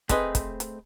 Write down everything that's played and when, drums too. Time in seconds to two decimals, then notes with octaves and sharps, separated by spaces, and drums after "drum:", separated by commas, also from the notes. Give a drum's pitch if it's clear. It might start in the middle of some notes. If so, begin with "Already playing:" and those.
0.09 A3 C4 G#4 B4 C5 D#5, drum: kick, hi-hat
0.35 drum: kick, hi-hat
0.60 drum: hi-hat